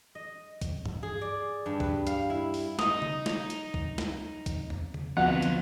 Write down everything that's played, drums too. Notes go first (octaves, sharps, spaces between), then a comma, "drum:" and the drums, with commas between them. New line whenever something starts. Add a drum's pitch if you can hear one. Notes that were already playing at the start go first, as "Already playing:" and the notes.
D#5
drum: kick, hi-hat
drum: tom G2
G#4
D5
G2
B4, drum: kick
F5, drum: hi-hat
E4
drum: open hi-hat
D#4 D#6, drum: snare
drum: tom C#3
drum: snare
drum: hi-hat
drum: kick
drum: snare
drum: kick, hi-hat
drum: tom E2
drum: tom C#3
D2 B2 F3 F#3 C4 F4 F#5
drum: hi-hat